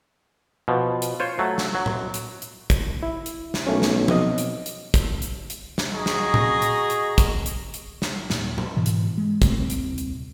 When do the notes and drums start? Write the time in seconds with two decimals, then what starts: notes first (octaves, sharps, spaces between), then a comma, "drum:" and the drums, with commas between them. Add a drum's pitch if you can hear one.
0.68 B2 F3
1.02 drum: hi-hat
1.20 F4 C5 C#5
1.39 F#3 A3
1.58 drum: snare
1.75 F#3
1.86 drum: tom A2
2.14 drum: hi-hat
2.42 drum: hi-hat
2.70 drum: kick, hi-hat
3.03 E4
3.26 drum: hi-hat
3.54 drum: snare
3.67 B1 A3 A#3 C#4
3.82 drum: snare
4.08 B2 C4 D#5, drum: tom F3
4.38 drum: hi-hat
4.66 drum: hi-hat
4.94 drum: kick, hi-hat
5.22 drum: hi-hat
5.50 drum: hi-hat
5.78 drum: snare
5.95 F#4 G#4 D#5 A#5 C#6
6.06 drum: snare
6.34 drum: tom A2
6.62 drum: hi-hat
6.90 drum: hi-hat
7.18 drum: kick, hi-hat
7.46 drum: hi-hat
7.74 drum: hi-hat
8.02 drum: snare
8.30 D#1 A#2 D4, drum: snare
8.58 drum: tom A2
8.77 G#2 B2 E3
8.86 drum: hi-hat
9.18 G#3
9.42 F#2 C3 A3 C4, drum: kick, hi-hat
9.58 D#1 C2 C4
9.70 drum: hi-hat
9.98 drum: hi-hat